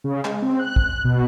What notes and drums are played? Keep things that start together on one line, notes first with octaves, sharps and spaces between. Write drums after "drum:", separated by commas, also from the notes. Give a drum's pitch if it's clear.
C#3
G#3, drum: clap
C4
F#6
F#6, drum: kick
B2